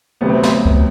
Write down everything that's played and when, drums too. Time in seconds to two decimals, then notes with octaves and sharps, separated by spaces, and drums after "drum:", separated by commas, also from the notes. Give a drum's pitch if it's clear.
0.21 D2 C3 F#3 B3
0.29 C4
0.43 drum: snare
0.65 drum: kick C#2